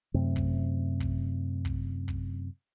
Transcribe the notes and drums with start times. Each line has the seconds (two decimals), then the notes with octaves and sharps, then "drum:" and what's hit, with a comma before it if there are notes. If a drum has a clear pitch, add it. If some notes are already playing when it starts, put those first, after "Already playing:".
0.14 F#2 C3 A3 C4
0.36 drum: kick
1.00 drum: kick
1.65 drum: kick
2.08 drum: kick